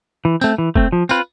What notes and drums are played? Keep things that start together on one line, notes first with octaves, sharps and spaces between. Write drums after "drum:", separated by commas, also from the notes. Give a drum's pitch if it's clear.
E3
A3 C4, drum: tambourine
E3
A3 C4, drum: kick
F3
C4 F4 B4, drum: tambourine